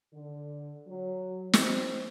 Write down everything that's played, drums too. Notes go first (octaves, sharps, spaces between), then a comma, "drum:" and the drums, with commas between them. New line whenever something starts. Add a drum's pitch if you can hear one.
D3
F#3
C4, drum: snare